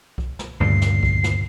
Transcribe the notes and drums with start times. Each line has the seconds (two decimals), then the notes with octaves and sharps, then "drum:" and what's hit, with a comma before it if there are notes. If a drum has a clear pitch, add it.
0.18 drum: kick C2
0.39 drum: snare
0.60 D2 G2 A#2 C#3 C7
0.82 drum: snare
1.03 drum: kick C2
1.24 drum: snare